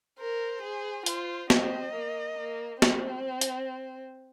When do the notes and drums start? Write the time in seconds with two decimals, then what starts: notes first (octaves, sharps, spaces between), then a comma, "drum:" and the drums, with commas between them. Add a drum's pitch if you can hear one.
0.19 A#4 C5
0.62 G#4
1.06 F4 C5, drum: hi-hat
1.50 C4 D#5, drum: snare
1.94 A#3
2.38 A#3
2.82 C4, drum: snare
3.41 drum: hi-hat